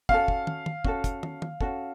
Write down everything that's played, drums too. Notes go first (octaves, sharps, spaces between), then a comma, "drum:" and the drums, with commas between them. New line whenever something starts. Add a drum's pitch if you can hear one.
C#4 F#4 A4 F5, drum: kick
drum: kick
drum: tom
drum: tom
C#4 F#4 A4, drum: kick
drum: kick, hi-hat
drum: tom
drum: tom
C#4 F#4 A4, drum: kick